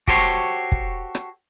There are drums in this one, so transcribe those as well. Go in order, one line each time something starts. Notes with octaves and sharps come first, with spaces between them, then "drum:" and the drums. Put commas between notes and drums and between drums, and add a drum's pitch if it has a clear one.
F#4 G4 A4 C5 C#5, drum: kick
drum: kick
drum: rim click